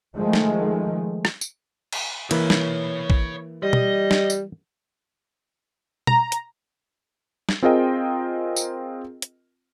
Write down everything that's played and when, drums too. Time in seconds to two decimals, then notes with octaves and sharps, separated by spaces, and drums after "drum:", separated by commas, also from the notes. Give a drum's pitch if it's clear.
0.16 D#3 F3 G#3 A3
0.33 drum: snare
1.25 drum: rim click
1.41 drum: tambourine
1.92 drum: cymbal
2.31 E3 A#3 C#5 B5, drum: cymbal
2.50 drum: snare
3.10 drum: kick
3.63 G3 D#5
3.73 drum: tom B2
4.11 drum: snare
4.30 drum: tambourine
6.07 A#5, drum: tom B2
6.32 drum: hi-hat
7.49 drum: snare
7.63 C4 F4 G#4 A#4 D#5 G5
8.56 drum: tambourine
9.22 drum: hi-hat